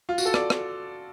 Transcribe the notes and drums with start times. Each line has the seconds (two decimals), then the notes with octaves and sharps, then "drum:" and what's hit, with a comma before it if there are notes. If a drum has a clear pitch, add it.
0.09 F4
0.18 F#4, drum: tambourine
0.25 A4
0.34 D5, drum: rim click
0.50 drum: rim click